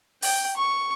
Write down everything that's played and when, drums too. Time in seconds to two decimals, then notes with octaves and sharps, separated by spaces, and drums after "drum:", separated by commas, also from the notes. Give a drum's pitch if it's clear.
0.22 G5, drum: open hi-hat
0.56 C#6